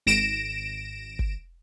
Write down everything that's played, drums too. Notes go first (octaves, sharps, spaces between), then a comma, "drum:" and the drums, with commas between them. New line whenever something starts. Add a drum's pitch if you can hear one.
G#1 A#6 D7 E7
drum: kick